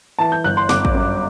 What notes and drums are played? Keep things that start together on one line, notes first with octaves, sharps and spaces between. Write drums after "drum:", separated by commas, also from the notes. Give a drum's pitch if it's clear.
E3 A5
G6
G1 F#6
C6
G1 D6, drum: snare
drum: kick A1
F#2